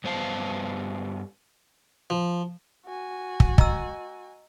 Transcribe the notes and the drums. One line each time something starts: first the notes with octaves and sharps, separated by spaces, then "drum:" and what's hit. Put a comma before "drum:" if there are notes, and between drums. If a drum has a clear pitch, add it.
G2 B3 C5 F5 A5
F3
F#4 G#5
drum: kick
D#5 A#5 E6, drum: kick